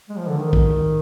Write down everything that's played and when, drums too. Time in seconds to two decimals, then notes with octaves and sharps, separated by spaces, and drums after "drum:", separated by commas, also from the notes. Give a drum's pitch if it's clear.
0.09 G#3
0.18 F3
0.27 D3
0.38 D#3
0.53 drum: kick